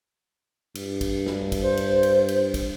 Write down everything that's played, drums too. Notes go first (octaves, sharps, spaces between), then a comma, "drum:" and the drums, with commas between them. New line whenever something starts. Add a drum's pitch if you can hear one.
G2, drum: cymbal
drum: kick, cymbal
drum: snare
drum: kick, cymbal
C5
drum: cymbal
drum: cymbal
drum: cymbal
drum: kick, cymbal